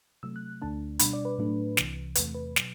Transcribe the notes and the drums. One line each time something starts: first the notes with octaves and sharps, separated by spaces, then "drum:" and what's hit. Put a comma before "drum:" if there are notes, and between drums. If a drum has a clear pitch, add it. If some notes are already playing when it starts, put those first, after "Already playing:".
C3 F#3 A3 E6
F#6
D2 D3 A3 D4 A5
B2 G3 D4 B5, drum: hi-hat
D5
B4
A2 F#3 A3 D4
C2 C3 E3, drum: snare
E2 C3 E3 A3 B4, drum: hi-hat
B4
B2 F#3, drum: snare